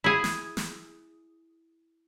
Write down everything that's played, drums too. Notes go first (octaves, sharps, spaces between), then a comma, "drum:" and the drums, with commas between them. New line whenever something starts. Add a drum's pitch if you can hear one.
E4 G#4
drum: snare
drum: snare